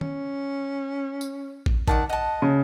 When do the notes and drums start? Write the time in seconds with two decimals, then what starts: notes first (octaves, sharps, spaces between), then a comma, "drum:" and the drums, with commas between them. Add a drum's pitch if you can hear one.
0.01 C#4, drum: tom D#3
1.21 drum: tambourine
1.66 drum: kick
1.88 D#3 D5 F#5 A5, drum: kick
2.09 D#5 F#5 A5
2.42 C#3